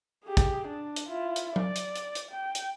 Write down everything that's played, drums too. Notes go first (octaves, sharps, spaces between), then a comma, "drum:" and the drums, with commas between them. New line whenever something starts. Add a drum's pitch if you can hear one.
G4 G#4
drum: kick, hi-hat
D4
drum: hi-hat
E4 F4
drum: hi-hat
D5, drum: tom F#3
drum: hi-hat
drum: hi-hat
drum: hi-hat
G5
drum: hi-hat